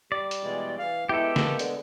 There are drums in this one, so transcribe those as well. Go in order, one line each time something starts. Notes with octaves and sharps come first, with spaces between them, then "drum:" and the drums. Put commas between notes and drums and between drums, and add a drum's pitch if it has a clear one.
G3 D5
drum: hi-hat
B2 E3 G#3
E3 F5
G#3 B3 E4 G4 A4
A#3, drum: snare
D3, drum: hi-hat